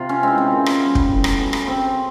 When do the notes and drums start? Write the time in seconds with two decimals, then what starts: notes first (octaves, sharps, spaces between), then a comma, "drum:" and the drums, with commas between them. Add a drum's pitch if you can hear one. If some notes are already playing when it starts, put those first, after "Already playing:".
Already playing: C3 F4
0.09 C#4
0.23 E3 G#3 C4
0.38 C#4
0.52 A#2
0.66 drum: rim click
0.80 G3 B3
0.95 drum: kick
1.10 A2
1.24 drum: rim click
1.39 F#3 B3
1.53 drum: rim click
1.67 C#3 C4